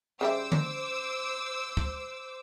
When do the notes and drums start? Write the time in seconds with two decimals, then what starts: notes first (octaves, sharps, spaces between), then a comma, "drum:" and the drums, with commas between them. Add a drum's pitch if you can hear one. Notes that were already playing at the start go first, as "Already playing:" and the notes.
0.21 C#3 G3 C5 E5 D6 E6
0.52 drum: tom D3
1.77 drum: kick